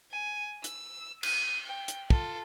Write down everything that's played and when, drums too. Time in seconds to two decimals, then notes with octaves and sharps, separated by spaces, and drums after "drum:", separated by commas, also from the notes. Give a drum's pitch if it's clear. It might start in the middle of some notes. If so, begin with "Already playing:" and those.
0.12 G#5
0.64 E6, drum: hi-hat
1.23 D#7, drum: cymbal
1.67 G5
1.88 drum: hi-hat
2.10 F4 A4, drum: kick